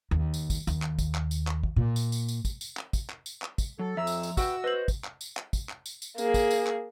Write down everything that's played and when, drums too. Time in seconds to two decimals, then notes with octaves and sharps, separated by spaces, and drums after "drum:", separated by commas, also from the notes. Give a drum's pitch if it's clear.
0.11 D#2
0.34 drum: tambourine
0.50 drum: kick, tambourine
0.67 D#2, drum: tambourine
0.82 drum: clap
0.99 drum: kick, tambourine
1.15 drum: clap
1.31 drum: tambourine
1.47 drum: clap
1.64 drum: kick
1.76 A#2
1.96 drum: tambourine
2.12 drum: tambourine
2.28 drum: tambourine
2.45 drum: kick, tambourine
2.61 drum: tambourine
2.77 drum: clap
2.93 drum: kick, tambourine
3.10 drum: clap
3.26 drum: tambourine
3.42 drum: clap
3.58 drum: kick, tambourine
3.79 F#3 A4
3.97 F2 F3 E5 A#5 E6
4.07 drum: tambourine
4.23 drum: tambourine
4.37 F#4 B4 G5 E6, drum: kick, tambourine
4.64 B4 C5 D#5 F#7
4.88 drum: kick, tambourine
5.04 drum: clap
5.21 drum: tambourine
5.37 drum: clap
5.53 drum: kick, tambourine
5.69 drum: clap
5.86 drum: tambourine
6.02 drum: tambourine
6.18 A#3 G#4, drum: tambourine
6.34 drum: kick, tambourine
6.51 drum: tambourine
6.67 drum: clap